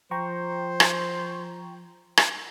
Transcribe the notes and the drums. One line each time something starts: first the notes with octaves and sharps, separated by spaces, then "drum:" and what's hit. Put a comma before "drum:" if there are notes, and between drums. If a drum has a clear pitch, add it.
F3 C5 G5 A#5 C#6
drum: rim click
drum: rim click